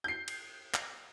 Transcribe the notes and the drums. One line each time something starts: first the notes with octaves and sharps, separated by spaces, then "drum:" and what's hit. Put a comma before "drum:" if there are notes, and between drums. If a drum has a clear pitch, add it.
G6 C7
drum: cymbal
drum: clap